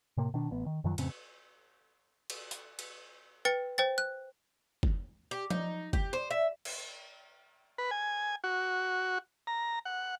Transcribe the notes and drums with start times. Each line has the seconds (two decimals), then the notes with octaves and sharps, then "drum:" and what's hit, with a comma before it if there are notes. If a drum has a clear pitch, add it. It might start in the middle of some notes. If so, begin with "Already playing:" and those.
0.17 A2 C3 A#3
0.34 B2 D#3 D4
0.51 A1 B3
0.66 D#3
0.84 F#2 D#3 F3 F#3
0.98 F2 A2 C#3 C4, drum: cymbal
2.30 drum: cymbal
2.51 drum: hi-hat
2.79 drum: cymbal
3.45 B4 G5 A6 C#7
3.78 C5 G5 A6
3.98 F#6
4.83 drum: kick
5.31 G4
5.50 D#4, drum: tom F3
5.93 G4, drum: kick
6.13 C5
6.31 E5
6.65 drum: cymbal
7.78 B4
7.91 G#5
8.44 F#4
9.47 A#5
9.85 F#5